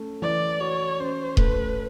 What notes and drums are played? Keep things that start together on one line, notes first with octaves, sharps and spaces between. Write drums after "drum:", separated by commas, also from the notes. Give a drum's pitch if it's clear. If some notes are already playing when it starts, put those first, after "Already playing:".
Already playing: A3 C#4
E3 D5
F#4 C#5
C#4 C5
A3 B4, drum: kick D#1